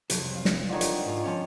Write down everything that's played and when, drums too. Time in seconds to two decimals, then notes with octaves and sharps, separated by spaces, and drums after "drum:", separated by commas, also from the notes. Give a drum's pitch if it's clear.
0.10 C2 F2 F#3, drum: hi-hat
0.35 F5
0.45 drum: snare
0.69 D3 D#3 F4 C#5
0.81 drum: hi-hat
1.06 G#2 F4
1.24 F3 C#4 C#5